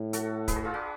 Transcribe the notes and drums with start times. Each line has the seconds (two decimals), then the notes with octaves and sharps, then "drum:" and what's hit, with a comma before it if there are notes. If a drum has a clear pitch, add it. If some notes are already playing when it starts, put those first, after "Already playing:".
Already playing: A2
0.13 F#4 A4, drum: hi-hat
0.48 G#4 B4, drum: kick, hi-hat
0.56 F#4 A4
0.64 F4 G#4
0.74 D4 F#4